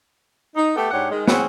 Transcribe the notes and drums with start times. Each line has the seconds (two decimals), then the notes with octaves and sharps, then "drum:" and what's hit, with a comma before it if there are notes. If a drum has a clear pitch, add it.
0.56 D#4
0.76 A3 B3 G4 A4
0.91 G#2 D4 G4 C#5 F#5
1.11 D#3 G#3
1.28 E3 C4 C#4 G#4 F#5, drum: snare